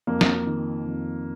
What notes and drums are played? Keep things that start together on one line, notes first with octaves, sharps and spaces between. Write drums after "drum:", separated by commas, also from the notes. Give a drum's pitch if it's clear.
F2 A#3
drum: snare
D#3
F2